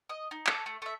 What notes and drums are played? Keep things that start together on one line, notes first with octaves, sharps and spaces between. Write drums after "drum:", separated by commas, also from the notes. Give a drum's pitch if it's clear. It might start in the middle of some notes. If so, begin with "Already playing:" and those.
D#5
D#4
A4 C#5 D6, drum: clap
A3
A3 E5